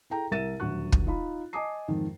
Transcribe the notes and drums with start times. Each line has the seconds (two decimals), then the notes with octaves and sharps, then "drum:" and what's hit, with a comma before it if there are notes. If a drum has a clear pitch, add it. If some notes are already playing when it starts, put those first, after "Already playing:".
0.10 E4 G#4 A4 G5 A#5
0.31 C2 A#4 E5 A6 D#7 E7
0.60 D#1 D2 F#3 F#5 C#6 F#6
0.92 drum: kick
1.07 D#4 F4 B5
1.53 D#5 G#5 A5 D6 D#6 C7
1.88 F2 G#2 D#3